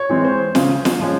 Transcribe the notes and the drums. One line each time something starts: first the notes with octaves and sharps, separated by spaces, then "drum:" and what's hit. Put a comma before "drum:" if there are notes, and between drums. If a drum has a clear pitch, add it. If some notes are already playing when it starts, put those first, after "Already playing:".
Already playing: C#5
E3 G#3 C4
C5
C#3, drum: snare
drum: snare
F3 G#3 C#4